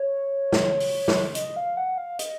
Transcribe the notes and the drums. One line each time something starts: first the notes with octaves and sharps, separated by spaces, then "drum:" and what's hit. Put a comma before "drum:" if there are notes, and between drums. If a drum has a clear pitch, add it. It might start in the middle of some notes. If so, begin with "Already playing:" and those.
Already playing: C#5
drum: snare
drum: open hi-hat
drum: snare
D#5, drum: hi-hat
F5
F#5
F5
D#5, drum: hi-hat